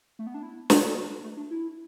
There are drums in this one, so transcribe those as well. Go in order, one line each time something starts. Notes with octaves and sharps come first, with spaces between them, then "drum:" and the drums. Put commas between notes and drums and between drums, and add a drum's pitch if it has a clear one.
A3
B3
D4
E4
D5, drum: snare
B4
A4
F#4
D4
A3
D4
E4